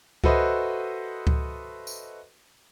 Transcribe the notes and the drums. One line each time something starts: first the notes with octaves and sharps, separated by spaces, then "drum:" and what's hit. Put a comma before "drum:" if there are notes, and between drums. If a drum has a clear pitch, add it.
F#4 A4 B4 C5 D#5 E5, drum: kick C#2
drum: kick C#2
drum: tambourine